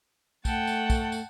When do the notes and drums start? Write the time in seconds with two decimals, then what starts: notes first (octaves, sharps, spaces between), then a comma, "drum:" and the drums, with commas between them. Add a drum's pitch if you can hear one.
0.45 A3 F#5 G5 A5, drum: kick, tambourine
0.67 drum: tambourine
0.90 drum: kick, tambourine
1.12 drum: tambourine